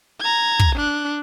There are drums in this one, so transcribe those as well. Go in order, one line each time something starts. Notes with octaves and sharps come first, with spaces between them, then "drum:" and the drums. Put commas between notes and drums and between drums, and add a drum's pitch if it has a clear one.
A#5 G#6
drum: kick
D4 F#6